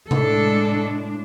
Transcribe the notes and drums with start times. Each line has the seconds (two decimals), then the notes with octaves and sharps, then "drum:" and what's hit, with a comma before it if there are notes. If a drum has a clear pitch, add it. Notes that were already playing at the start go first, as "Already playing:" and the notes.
0.11 A2 G#3 D4 A4, drum: tom C3